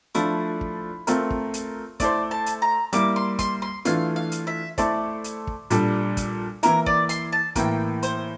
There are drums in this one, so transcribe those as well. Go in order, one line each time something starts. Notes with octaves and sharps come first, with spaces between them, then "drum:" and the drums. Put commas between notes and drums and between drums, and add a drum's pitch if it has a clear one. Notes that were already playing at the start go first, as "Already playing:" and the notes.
F3 A3 D4 E4 F4, drum: hi-hat
drum: kick
A3 C4 F4 A#4, drum: hi-hat
drum: kick
drum: hi-hat
A3 E4 A4 C5 D5, drum: kick, hi-hat
A5
drum: hi-hat
A#5
G3 A#3 E4 D6, drum: hi-hat
C6
C6, drum: kick, hi-hat
C6
E3 A3 D4 F4 F5, drum: hi-hat
F5
drum: hi-hat
E5
A3 E4 A4 C5 D5, drum: kick, hi-hat
drum: hi-hat
drum: kick
A#2 G3 D4 A4, drum: hi-hat
drum: kick, hi-hat
E3 A#3 E4 A#4, drum: hi-hat
D5, drum: kick
C6, drum: hi-hat
A5
A2 E3 A#3 G5, drum: kick, hi-hat
C5, drum: hi-hat